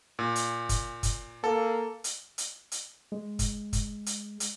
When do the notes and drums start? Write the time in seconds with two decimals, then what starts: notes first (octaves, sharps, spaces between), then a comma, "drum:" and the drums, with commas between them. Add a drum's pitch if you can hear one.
0.19 A#2
0.36 drum: hi-hat
0.69 drum: kick, hi-hat
1.03 drum: kick, hi-hat
1.44 A#3 A4
2.04 drum: hi-hat
2.38 drum: hi-hat
2.72 drum: hi-hat
3.12 G#3
3.39 drum: kick, hi-hat
3.73 drum: kick, hi-hat
4.06 drum: hi-hat
4.40 drum: hi-hat